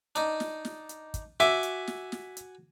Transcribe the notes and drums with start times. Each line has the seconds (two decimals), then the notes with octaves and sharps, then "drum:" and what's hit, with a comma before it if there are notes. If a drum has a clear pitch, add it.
0.15 D4 D#4, drum: hi-hat
0.40 drum: snare
0.65 drum: snare
0.89 drum: hi-hat
1.14 drum: kick, hi-hat
1.40 F#4 E5 G#5 D6, drum: hi-hat
1.63 drum: hi-hat
1.87 drum: snare
2.12 drum: snare
2.37 drum: hi-hat